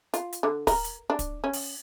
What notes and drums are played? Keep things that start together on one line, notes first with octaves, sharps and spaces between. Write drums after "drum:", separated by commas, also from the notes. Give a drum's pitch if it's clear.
F4, drum: hi-hat
drum: hi-hat
D3
A#4, drum: kick, open hi-hat
drum: hi-hat
D4
drum: kick, hi-hat
C#4
drum: open hi-hat